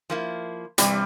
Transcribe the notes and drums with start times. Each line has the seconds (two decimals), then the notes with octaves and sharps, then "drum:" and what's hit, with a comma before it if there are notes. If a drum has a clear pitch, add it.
0.10 F3 A#3 E4
0.78 G2 C3 E3 G3, drum: hi-hat